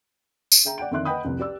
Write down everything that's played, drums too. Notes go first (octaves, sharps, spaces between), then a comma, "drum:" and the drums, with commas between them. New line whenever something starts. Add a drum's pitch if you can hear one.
drum: tambourine
G#4 E5 G5 A#5
D5 F#5 G5 D7
F2 D3 D#3 E5 C6 F#6
B4 D#5 F#5 G5 B5 D#6
F1 C2
G4 D5 E6